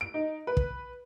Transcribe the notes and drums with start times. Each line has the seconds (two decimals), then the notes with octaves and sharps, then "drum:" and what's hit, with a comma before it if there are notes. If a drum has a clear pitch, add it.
0.01 D7
0.14 D#4
0.47 B4
0.57 drum: kick